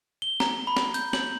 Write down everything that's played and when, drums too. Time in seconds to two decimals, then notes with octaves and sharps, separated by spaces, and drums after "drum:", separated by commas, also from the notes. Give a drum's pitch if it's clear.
0.22 G7
0.40 A#5, drum: snare
0.67 B5
0.77 drum: snare
0.94 G6, drum: hi-hat
1.13 F#7, drum: snare